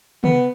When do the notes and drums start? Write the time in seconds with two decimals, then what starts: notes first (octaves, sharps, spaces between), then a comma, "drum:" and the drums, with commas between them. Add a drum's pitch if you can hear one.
0.24 B3, drum: tom